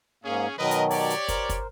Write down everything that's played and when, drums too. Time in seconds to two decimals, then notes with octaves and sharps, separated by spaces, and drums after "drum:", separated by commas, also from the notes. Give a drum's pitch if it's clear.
0.24 G#2 A#3 C#4 G#4
0.58 B2 D#3 F#3 A#4 B4 D#5
0.71 drum: hi-hat
0.91 G4 C#5 D5, drum: open hi-hat
1.10 drum: hi-hat
1.28 A#4 C5, drum: kick, hi-hat
1.49 drum: kick, hi-hat